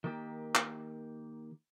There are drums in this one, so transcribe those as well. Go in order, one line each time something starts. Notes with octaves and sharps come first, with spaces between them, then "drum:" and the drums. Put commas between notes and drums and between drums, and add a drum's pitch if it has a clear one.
D#3 A#3 G4
drum: clap